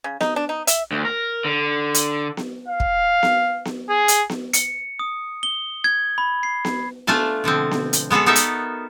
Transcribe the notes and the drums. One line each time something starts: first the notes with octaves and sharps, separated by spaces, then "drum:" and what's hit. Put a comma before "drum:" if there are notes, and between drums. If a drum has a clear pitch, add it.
C#3
D#4, drum: snare B3
D4
D#4
E5, drum: hi-hat
D2
A#4
D3
drum: hi-hat
drum: snare B3
F5
drum: kick
drum: snare B3
drum: snare B3
G#4
drum: hi-hat
drum: snare B3
C#7, drum: hi-hat
D#6
G7
G#6
B5
C7
drum: snare B3
A3 D4 F4 G#5 A5, drum: snare B3
B2 D3 F3 C4
drum: snare B3
drum: hi-hat
G#3 B3 F#4 G#4 A4
B3 D#4 A4 A#4 E5 A5
drum: hi-hat